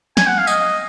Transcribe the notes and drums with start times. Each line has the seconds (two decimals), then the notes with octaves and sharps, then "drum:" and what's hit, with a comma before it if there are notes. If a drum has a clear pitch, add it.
0.17 G#5, drum: snare
0.27 F#5
0.37 F5
0.47 D#5, drum: tambourine